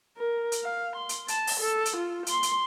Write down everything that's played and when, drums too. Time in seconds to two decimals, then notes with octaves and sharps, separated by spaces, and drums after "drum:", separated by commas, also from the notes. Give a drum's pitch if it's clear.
0.17 A#4
0.52 drum: hi-hat
0.63 F5
0.96 C6
1.09 drum: hi-hat
1.28 A5, drum: hi-hat
1.47 drum: open hi-hat
1.60 A4
1.85 drum: hi-hat
1.97 F4
2.27 C6, drum: hi-hat
2.43 drum: hi-hat